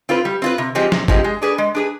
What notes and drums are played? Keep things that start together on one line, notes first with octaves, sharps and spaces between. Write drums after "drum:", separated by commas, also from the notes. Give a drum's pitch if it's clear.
C4 F4 B4
G3
C4 F4 B4
C3
F3 G#3 C4 G4
C3, drum: snare
F3 G#3 C4 G4, drum: kick
G#3
D4 G#4 B4
G#3
D4 G#4 B4